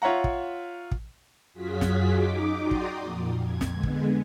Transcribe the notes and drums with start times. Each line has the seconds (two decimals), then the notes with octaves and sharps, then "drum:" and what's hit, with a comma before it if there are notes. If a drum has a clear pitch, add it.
0.02 F4 C#5 E5 F#5 A#5
0.24 drum: kick
0.91 drum: kick
1.54 F#2 F#3 F4 F#4 G#4 B6
1.81 drum: snare
2.11 D#4 D6
2.61 F#4 D5 G5 A#5 C6 D#6
2.71 drum: kick
2.99 F2 A#2
3.38 F2 G#6
3.61 drum: snare
3.72 D3 G#3 B3
3.83 drum: kick